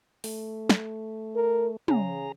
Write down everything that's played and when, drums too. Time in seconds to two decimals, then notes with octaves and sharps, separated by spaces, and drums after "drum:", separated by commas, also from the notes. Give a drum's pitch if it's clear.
0.24 A3, drum: open hi-hat
0.69 drum: snare
1.36 A#4
1.88 C#3 G#4 A#5, drum: tom